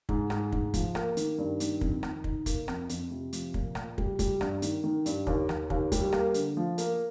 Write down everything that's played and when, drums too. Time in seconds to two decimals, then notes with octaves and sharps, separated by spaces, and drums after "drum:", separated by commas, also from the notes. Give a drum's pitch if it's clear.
0.09 G#2, drum: kick
0.30 G#2, drum: rim click
0.52 G#2, drum: kick
0.74 F3, drum: kick, hi-hat
0.95 A#3, drum: rim click
1.17 D#3, drum: hi-hat
1.38 G2
1.60 D#3, drum: hi-hat
1.81 F2, drum: kick
2.03 D#3, drum: rim click
2.24 D#4, drum: kick
2.46 A#3, drum: kick, hi-hat
2.68 F2, drum: rim click
2.89 F2, drum: hi-hat
3.11 C3
3.33 F3, drum: hi-hat
3.54 A#2, drum: kick
3.75 A#2, drum: rim click
3.98 G3, drum: kick
4.19 G3, drum: kick, hi-hat
4.41 G2, drum: rim click
4.62 D#3, drum: hi-hat
4.84 D#3
5.06 G2, drum: hi-hat
5.27 D#2, drum: kick
5.49 D#2, drum: rim click
5.70 D#2, drum: kick
5.92 G3, drum: kick, hi-hat
6.13 A#3, drum: rim click
6.34 D3, drum: hi-hat
6.57 F3
6.78 A#3, drum: hi-hat